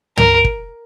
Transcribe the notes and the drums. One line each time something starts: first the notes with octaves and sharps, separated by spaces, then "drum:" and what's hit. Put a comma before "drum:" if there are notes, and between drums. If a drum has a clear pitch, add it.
A#4, drum: tom
drum: kick